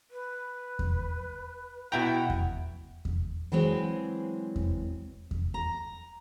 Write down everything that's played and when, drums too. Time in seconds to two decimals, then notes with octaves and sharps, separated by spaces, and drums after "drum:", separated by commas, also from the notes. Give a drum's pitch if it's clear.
0.10 B4
0.79 drum: kick E2
1.92 B2 E4 F#5 G5 A#5
2.30 drum: kick E2
3.05 drum: kick E2
3.52 E3 F#3 G#3 C4
4.56 drum: kick E2
5.31 drum: kick E2
5.54 A#5